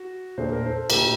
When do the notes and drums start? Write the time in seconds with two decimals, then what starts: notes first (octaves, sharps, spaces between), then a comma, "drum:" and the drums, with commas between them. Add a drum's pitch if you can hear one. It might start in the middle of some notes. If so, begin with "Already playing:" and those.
Already playing: F#4
0.38 A#2 A3 D4 C5
0.52 A#4
0.66 A4 C5
0.90 A#2 A3 D4 G4 A#4, drum: cymbal